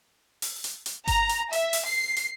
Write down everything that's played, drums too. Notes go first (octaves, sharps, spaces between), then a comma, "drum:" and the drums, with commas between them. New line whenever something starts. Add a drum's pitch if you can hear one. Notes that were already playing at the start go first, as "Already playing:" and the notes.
drum: open hi-hat
drum: hi-hat
drum: hi-hat
A#5, drum: kick G1, hi-hat
drum: hi-hat
E5, drum: hi-hat
drum: open hi-hat
C7
drum: hi-hat